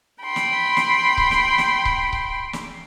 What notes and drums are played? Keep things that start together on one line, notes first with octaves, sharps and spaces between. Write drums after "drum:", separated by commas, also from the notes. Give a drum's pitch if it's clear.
G5 B5 C6
drum: snare
drum: snare
drum: kick C#1
drum: snare
drum: snare
drum: kick C#1
drum: kick C#1
drum: snare